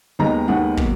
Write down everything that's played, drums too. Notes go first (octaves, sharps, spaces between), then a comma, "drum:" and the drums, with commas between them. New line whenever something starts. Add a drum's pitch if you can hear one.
D#2 D#3 G#3 B3 A#5
D#2 D#3 G#3 B3 F#5
B2 F#3 A#3, drum: kick